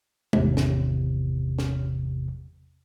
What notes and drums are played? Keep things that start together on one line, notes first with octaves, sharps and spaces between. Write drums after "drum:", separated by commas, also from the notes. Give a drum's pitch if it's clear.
G#1 E2 C3, drum: tom
drum: snare
drum: snare